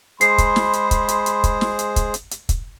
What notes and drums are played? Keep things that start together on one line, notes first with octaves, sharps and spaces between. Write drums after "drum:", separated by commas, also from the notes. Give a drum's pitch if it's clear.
G#3 G#4 C5 B5 C6 C7, drum: hi-hat
drum: kick, hi-hat
drum: snare
drum: hi-hat
drum: kick, hi-hat
drum: hi-hat
drum: hi-hat
drum: kick, hi-hat
drum: snare
drum: hi-hat
drum: kick, hi-hat
drum: hi-hat
drum: hi-hat
drum: kick, hi-hat